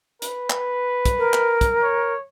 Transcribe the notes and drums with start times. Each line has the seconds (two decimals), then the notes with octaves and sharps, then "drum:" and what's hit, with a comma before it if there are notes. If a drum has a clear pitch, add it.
0.22 B4, drum: hi-hat
0.50 drum: clap
1.06 drum: kick, hi-hat
1.18 A#4
1.33 drum: clap
1.61 drum: kick, hi-hat
1.82 C#5